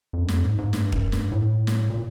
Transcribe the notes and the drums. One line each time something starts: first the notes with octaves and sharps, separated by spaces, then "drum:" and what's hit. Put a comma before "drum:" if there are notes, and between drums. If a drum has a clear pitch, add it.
F2
F#2
F2, drum: snare
G#2
G#2
G2, drum: snare
F#2, drum: kick
G2, drum: snare
A2
drum: snare
A#2